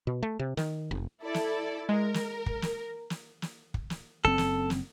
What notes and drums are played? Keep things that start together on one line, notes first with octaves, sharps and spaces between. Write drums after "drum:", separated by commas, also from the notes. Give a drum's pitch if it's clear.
B2
A3
C3
D#3, drum: snare
F1
E4 A4 D5
drum: snare
G#3 A#4
drum: snare
drum: kick
drum: snare
drum: snare
drum: snare
drum: kick
drum: snare
F#1 F#2 C4 A4
drum: snare
drum: snare